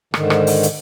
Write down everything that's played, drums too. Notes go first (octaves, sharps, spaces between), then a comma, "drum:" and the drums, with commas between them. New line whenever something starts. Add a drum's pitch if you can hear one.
G#2 D3 D#3, drum: rim click
drum: rim click
drum: open hi-hat
drum: hi-hat